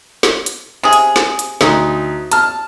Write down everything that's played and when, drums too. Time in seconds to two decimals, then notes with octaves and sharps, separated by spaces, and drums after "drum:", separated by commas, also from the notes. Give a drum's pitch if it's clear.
0.23 drum: snare
0.46 drum: hi-hat
0.83 C3 G#4 D#6
0.93 drum: hi-hat
1.16 drum: snare
1.39 drum: hi-hat
1.61 D2 D#4, drum: snare
2.32 A5 F6, drum: hi-hat